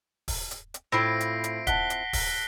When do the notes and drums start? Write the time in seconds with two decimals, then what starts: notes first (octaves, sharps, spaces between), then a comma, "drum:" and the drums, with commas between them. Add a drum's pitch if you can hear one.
0.28 drum: kick, open hi-hat
0.51 drum: hi-hat
0.74 drum: hi-hat
0.92 A2 C4 E4 F4 A#6 C7 D7
1.20 drum: hi-hat
1.44 drum: hi-hat
1.67 F#5 A5 F#6 B6 G7, drum: kick, hi-hat
1.90 drum: hi-hat
2.13 drum: kick, open hi-hat